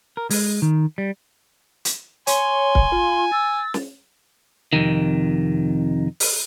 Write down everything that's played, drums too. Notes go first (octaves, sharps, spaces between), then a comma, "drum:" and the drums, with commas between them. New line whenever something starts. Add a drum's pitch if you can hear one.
A#4
G#3, drum: open hi-hat
D#3
G3
drum: hi-hat
C#5 G#5 C6, drum: hi-hat
drum: kick
F4
E6 A6
drum: snare
F2 C3 D#3
drum: open hi-hat